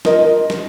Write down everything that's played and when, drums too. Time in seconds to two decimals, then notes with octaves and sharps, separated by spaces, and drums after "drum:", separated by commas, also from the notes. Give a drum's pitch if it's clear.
0.05 F4 A#4 D#5, drum: snare
0.50 drum: snare